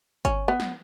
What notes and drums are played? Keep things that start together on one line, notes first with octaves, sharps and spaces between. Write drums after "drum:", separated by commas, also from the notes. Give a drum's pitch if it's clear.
C#4, drum: kick G1, hi-hat
B3
drum: snare